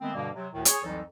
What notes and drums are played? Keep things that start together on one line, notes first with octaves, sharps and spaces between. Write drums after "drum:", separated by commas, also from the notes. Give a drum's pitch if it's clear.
D#3 G#3 A3 B3 C4
G2 B2 D3 G3 A#3
C3 F#3
D2 A2 D#3
G#4 C#5, drum: hi-hat
C2 F2 E3 F#3 D#4 A4